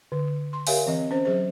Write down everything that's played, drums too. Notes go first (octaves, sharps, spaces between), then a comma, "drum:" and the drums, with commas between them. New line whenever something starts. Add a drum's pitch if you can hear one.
D3
C6
G4 A#4 C#5 E5 F5 G#5, drum: open hi-hat
E3 C4 D#5
C#4 C5
F#3 G#4 C5